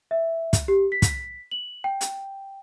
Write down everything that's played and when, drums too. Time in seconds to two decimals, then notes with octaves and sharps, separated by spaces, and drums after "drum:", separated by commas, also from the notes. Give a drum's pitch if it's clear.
0.11 E5
0.53 drum: kick, hi-hat
0.68 G4
0.92 B6
1.02 drum: kick, hi-hat
1.51 F#7
1.84 G5
2.01 drum: hi-hat